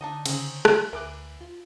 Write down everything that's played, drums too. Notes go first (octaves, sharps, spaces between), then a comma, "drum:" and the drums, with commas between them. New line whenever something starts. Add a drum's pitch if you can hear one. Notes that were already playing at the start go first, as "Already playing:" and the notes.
D3 D4 D#4 D#5
C#3 C4 C#4 D#4, drum: cymbal
drum: rim click
D2 E3 A#4 D6 F#6
F4